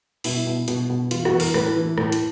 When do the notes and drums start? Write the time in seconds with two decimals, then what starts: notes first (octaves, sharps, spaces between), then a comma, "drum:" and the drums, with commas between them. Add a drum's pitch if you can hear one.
0.24 B2 E4, drum: open hi-hat
0.46 B2
0.68 B2, drum: hi-hat
0.90 B2
1.11 E3 F4, drum: hi-hat
1.25 F#4, drum: rim click
1.33 E3
1.40 A#4, drum: open hi-hat
1.54 A2 B4, drum: rim click
1.76 E3
1.98 A2, drum: rim click
2.12 drum: hi-hat